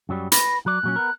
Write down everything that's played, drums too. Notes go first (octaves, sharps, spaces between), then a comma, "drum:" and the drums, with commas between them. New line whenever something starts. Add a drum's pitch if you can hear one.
F#2 F#3 G3
B4 A#6, drum: hi-hat
F#3 D5 F#6
A#2 F#3 C#4
B3 A#4